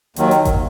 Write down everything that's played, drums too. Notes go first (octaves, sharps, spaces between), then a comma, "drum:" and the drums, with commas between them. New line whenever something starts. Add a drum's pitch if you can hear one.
D#2 D#3 F#3, drum: hi-hat
drum: hi-hat
drum: kick G1, hi-hat